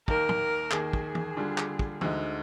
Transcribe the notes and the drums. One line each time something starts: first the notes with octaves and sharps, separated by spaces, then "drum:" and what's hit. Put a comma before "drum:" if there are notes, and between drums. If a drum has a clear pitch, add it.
D#2 D#3 A#3 A#4, drum: kick
drum: tom
D#2 D#3 A#3 G#4, drum: clap
drum: kick
drum: tom
D3 G3 D4 F4
drum: clap
drum: kick
D2 D3 G#3 D#4, drum: tom